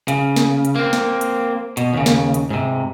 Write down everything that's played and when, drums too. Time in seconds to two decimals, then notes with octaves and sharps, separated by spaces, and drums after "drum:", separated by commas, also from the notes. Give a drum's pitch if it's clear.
0.08 C#3, drum: hi-hat
0.36 drum: snare
0.65 drum: hi-hat
0.75 A#3 C4
0.93 drum: snare
1.21 drum: hi-hat
1.77 B2, drum: hi-hat
1.94 D#2 C#3
2.06 drum: snare
2.34 drum: hi-hat
2.50 G#2 C3